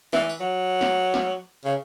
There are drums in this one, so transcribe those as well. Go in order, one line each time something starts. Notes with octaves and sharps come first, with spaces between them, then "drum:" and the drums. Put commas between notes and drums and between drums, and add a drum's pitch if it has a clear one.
E3, drum: snare
drum: tambourine
F#3
drum: snare
drum: snare
C#3